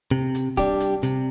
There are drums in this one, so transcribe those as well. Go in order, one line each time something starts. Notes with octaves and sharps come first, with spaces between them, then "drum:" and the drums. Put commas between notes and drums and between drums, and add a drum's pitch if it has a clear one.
C3
drum: hi-hat
G3 D4 G4, drum: kick C#1, hi-hat
drum: hi-hat
C3, drum: hi-hat